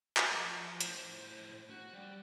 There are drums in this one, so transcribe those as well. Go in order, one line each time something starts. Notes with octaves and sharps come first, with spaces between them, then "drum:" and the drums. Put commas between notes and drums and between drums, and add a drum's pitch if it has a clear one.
G4 G#4, drum: clap
F3 A5
A2 C5, drum: hi-hat
F#4
G3